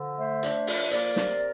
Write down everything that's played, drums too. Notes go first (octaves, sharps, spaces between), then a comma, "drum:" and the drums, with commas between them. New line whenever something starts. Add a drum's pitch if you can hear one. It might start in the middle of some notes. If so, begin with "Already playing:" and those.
Already playing: D3 F3
A3 C5 E5
D4, drum: hi-hat
F3, drum: open hi-hat
C5
A#3 A#4 D5, drum: hi-hat
C3, drum: snare